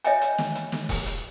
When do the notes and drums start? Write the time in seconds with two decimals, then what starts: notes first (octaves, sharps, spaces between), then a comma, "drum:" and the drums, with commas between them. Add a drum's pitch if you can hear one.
0.04 C#5 D#5 E5 G5 G#5, drum: hi-hat
0.21 drum: hi-hat
0.38 drum: snare
0.55 drum: hi-hat
0.72 drum: snare
0.89 drum: kick E1, open hi-hat
1.06 drum: hi-hat